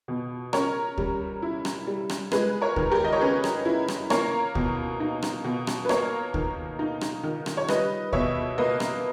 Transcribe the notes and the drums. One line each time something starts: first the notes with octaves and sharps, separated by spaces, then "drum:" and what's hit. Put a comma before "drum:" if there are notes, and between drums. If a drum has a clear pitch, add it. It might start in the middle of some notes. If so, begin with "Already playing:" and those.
B2
C#4 A#4 C#5, drum: rim click
G3, drum: kick D2
E4
drum: rim click
G3
drum: rim click
G#3 G#4 B4, drum: rim click
A#4 C#5
D#3, drum: kick D2
G4 A#4
D#5
C#5
C#4 G#4 B4
drum: rim click
E4
drum: rim click
A#3 A#4 C#5, drum: rim click
B2, drum: kick D2
D#4
drum: rim click
B2
drum: rim click
B4
A#3 A#4 C#5, drum: rim click
D#3, drum: kick D2
D#4
drum: rim click
D#3
drum: rim click
C#5
G3 B4 D#5, drum: rim click
B2 C#5 E5, drum: kick D2
A#3 B4 D#5
drum: rim click